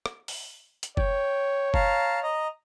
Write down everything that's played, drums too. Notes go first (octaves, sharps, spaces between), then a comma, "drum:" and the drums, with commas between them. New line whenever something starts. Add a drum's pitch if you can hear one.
drum: rim click
drum: open hi-hat
drum: hi-hat
C#5 G5, drum: kick F#1
F5 A5 A#5, drum: kick F#1
D#5 A#5